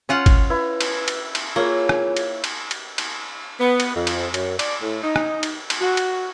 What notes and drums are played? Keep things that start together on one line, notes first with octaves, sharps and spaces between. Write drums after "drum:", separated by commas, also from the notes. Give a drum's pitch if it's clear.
C#4 F4 F#5
drum: kick G#1, cymbal
E4 B4
drum: cymbal
drum: cymbal
drum: cymbal
A#3 F4 G#4 C#5
drum: rim click
drum: cymbal
drum: cymbal
drum: cymbal
drum: cymbal
B3
drum: cymbal
F2
drum: cymbal
F#2, drum: cymbal
D5, drum: cymbal
A2
D#4
drum: rim click
drum: cymbal
drum: cymbal
F#4
drum: cymbal